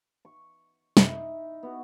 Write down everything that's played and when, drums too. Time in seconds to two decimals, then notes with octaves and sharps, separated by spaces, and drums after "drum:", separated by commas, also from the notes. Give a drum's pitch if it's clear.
0.25 C#6
0.97 F#2 C3 D#4 E4 A4, drum: snare
1.63 B3 F#4